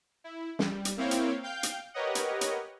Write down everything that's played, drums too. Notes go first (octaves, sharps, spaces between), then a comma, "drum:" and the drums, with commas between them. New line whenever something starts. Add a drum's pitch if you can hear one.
E4
G3, drum: snare
drum: hi-hat
A#3 C4 E4 C#5 F5 G5
drum: hi-hat
F5 G5 G6
drum: hi-hat
G4 A#4 B4 C#5 D#5 F#5
drum: hi-hat
drum: hi-hat